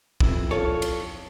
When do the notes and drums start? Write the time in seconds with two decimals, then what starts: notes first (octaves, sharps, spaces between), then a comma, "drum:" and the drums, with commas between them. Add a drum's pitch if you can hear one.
0.20 F2 C3 E3 E4, drum: kick
0.51 F4 A4 C#5
0.82 drum: cymbal